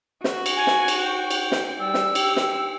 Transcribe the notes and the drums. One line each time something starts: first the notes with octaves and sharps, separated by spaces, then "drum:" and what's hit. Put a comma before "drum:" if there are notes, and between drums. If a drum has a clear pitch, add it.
F#4, drum: snare
drum: cymbal
G#5
drum: snare
drum: cymbal
G5
drum: cymbal
drum: snare
G3 E6
drum: snare
G4, drum: cymbal
drum: snare